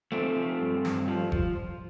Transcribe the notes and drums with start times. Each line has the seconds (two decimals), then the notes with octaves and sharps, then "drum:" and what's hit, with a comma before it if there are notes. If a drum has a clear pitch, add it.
0.12 F3 A3 C4
0.36 F3
0.61 G2
0.85 G2, drum: snare
1.08 F3
1.32 F3, drum: kick F1